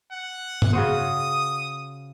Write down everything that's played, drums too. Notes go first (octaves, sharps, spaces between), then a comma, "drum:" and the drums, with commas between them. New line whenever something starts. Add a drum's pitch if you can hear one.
F#5
drum: tom G2
C#3 F#4 C5 D#6